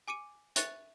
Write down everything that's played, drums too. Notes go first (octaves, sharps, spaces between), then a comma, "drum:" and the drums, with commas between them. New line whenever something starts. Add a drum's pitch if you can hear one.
G#5 D6 C#7 D#7
E5 C#6 F#6 A6 C#7, drum: hi-hat